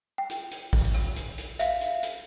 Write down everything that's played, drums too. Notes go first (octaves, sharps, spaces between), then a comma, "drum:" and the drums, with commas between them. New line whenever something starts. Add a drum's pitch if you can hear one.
G5
drum: hi-hat
drum: hi-hat
drum: kick A1, open hi-hat
drum: rim click
drum: hi-hat
drum: hi-hat
E5 F5, drum: hi-hat
drum: hi-hat
drum: hi-hat